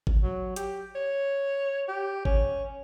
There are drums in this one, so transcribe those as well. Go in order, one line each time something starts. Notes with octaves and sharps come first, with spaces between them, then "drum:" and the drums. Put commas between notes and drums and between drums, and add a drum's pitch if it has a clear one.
drum: kick G#1
F#3
G4, drum: hi-hat
C#5
G4
C#4, drum: kick G#1